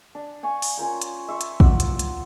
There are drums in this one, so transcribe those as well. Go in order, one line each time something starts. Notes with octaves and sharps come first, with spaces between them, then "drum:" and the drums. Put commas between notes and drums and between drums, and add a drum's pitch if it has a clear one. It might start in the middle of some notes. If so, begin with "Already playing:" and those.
D4
F5 G#5 C#6
drum: open hi-hat
C#4 F4 A#4 G5
drum: hi-hat
E5 C6 C#6
drum: hi-hat
F4 F#5 D6 E6, drum: kick
drum: hi-hat
drum: hi-hat